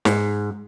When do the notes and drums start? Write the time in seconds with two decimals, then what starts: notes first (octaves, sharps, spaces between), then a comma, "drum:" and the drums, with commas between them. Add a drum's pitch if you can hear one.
0.05 G#2, drum: snare